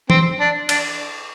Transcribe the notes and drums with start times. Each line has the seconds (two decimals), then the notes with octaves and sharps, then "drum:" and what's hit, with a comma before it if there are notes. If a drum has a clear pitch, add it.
0.10 C4, drum: tom E3
0.40 D4
0.69 D4, drum: cymbal